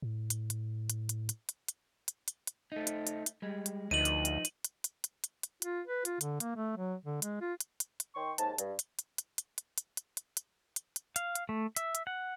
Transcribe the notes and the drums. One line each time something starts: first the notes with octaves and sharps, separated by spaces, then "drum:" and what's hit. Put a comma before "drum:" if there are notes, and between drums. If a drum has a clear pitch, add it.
A2
drum: hi-hat
drum: hi-hat
drum: hi-hat
drum: hi-hat
drum: hi-hat
drum: hi-hat
drum: hi-hat
drum: hi-hat
drum: hi-hat
drum: hi-hat
A3 D#4
drum: hi-hat
drum: hi-hat
drum: hi-hat
G3 G#3
drum: hi-hat
D2 F3 D#4 D#7 F#7
drum: hi-hat
drum: hi-hat
drum: hi-hat
drum: hi-hat
drum: hi-hat
drum: hi-hat
drum: hi-hat
drum: hi-hat
F4, drum: hi-hat
B4
F4, drum: hi-hat
D3, drum: hi-hat
A#3, drum: hi-hat
A3
F#3
D3
G#3, drum: hi-hat
F4
drum: hi-hat
drum: hi-hat
drum: hi-hat
D#3 G5 C6 C#6
D#2 G#2 A5, drum: hi-hat
G2, drum: hi-hat
drum: hi-hat
drum: hi-hat
drum: hi-hat
drum: hi-hat
drum: hi-hat
drum: hi-hat
drum: hi-hat
drum: hi-hat
drum: hi-hat
drum: hi-hat
drum: hi-hat
F5, drum: hi-hat
drum: hi-hat
A3
E5, drum: hi-hat
drum: hi-hat
F#5